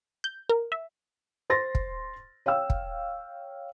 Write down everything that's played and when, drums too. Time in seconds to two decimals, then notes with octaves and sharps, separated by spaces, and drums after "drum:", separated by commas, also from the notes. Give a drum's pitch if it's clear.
0.24 G6
0.49 A#4
0.72 E5
1.50 C5 C6 A6 A#6
1.75 drum: kick
2.46 C#5 F5 G5 E6
2.70 drum: kick